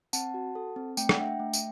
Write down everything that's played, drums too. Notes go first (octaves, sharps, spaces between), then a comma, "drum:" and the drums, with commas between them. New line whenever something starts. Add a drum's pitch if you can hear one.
C4 F#5 A5, drum: tambourine
F#4
A4
C4
A3 G5, drum: tambourine
F#5, drum: rim click
D4 E5 G5
A3
drum: tambourine